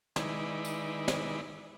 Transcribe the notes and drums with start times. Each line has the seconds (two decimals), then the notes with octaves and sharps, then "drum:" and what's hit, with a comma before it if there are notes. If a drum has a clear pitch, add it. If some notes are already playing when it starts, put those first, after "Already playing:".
0.16 D#3 G#3 D#4 E4 B4 D5, drum: snare
0.65 drum: tambourine
1.08 drum: snare